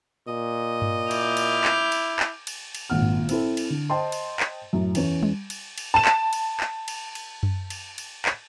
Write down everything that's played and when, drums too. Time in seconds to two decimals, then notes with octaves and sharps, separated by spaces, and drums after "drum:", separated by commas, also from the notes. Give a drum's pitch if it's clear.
0.28 A#2 D#5
0.82 drum: tom G2
1.11 E4 D6 F6 G6, drum: cymbal
1.37 drum: cymbal
1.64 drum: clap
1.92 drum: cymbal
2.19 drum: clap
2.47 drum: cymbal
2.75 drum: cymbal
2.90 G#1 A#2 F#5 F6
3.02 drum: tom G2
3.29 C4 E4 A4, drum: cymbal
3.57 drum: cymbal
3.70 D3
3.90 C5 D#5 G5 A5 C6
4.12 drum: cymbal
4.40 drum: clap
4.73 F#2 A2
4.95 E2 C#4, drum: cymbal
5.22 drum: tom G3
5.50 drum: cymbal
5.78 drum: cymbal
5.94 A5 E7
6.05 drum: clap
6.33 drum: cymbal
6.60 drum: clap
6.88 drum: cymbal
7.15 drum: cymbal
7.43 drum: tom F#2
7.70 drum: cymbal
7.98 drum: cymbal
8.25 drum: clap